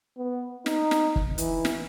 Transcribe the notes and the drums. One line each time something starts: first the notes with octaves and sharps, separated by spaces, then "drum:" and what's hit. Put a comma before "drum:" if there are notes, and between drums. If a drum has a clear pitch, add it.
B3
D#4, drum: snare
drum: snare
drum: kick
E3, drum: hi-hat
drum: snare